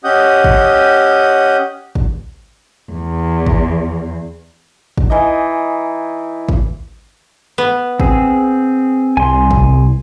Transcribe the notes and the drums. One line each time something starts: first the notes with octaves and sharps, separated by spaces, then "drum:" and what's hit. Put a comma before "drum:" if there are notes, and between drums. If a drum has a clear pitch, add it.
C#4 G4 D#5 F#5 D#6 G6
drum: kick G#1
drum: kick G#1
E2
drum: kick G#1
drum: kick G#1
E3 D#4 D#5
drum: kick G#1
B3
C4 G#4, drum: kick G#1
C2 G#5 C6
drum: kick G#1